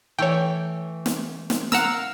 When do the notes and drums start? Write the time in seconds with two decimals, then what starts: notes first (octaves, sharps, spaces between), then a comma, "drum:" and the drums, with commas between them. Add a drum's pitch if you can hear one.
0.19 E3 A3 C#5 G5
1.06 drum: snare
1.50 drum: snare
1.72 A#4 F5 F#5 A#5 E6, drum: snare